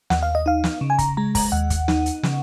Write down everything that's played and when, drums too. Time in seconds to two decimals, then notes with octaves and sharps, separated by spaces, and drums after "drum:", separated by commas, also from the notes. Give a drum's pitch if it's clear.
0.10 D#2 F#5, drum: snare
0.23 F5
0.35 D#5
0.46 D#4 F5
0.64 drum: snare
0.81 C#3
0.90 G#5
0.99 A#5, drum: kick, hi-hat
1.17 G#3 A#5
1.35 A#5, drum: kick, open hi-hat
1.52 D#2 F#5
1.70 drum: kick, hi-hat
1.88 D#4, drum: snare
2.06 drum: hi-hat
2.23 C#3, drum: snare